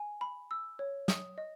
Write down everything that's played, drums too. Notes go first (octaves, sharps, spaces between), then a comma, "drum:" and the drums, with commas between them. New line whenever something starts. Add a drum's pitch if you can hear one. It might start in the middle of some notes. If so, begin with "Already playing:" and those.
Already playing: G#5
B5
E6
C#5
D#6, drum: snare
D#5